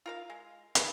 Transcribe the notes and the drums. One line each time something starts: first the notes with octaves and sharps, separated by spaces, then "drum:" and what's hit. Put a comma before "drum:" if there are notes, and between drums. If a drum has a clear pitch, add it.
F4 A#4 F5
G#3
A#3 D#4 G#4 B4, drum: hi-hat